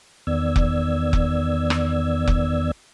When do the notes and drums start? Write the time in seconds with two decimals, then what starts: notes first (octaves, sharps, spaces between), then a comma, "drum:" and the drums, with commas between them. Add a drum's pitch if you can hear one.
0.27 E2 D#3 B3 D5 E6 G#6
0.56 drum: kick F1
1.13 drum: kick F1
1.70 drum: rim click
2.27 drum: kick F1